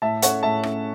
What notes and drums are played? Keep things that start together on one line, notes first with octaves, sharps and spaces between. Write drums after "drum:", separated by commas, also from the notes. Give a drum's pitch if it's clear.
A2 E5 A5
A3 C#4 C#5 F#5, drum: hi-hat
A2 E5 A5
A3 C#4, drum: rim click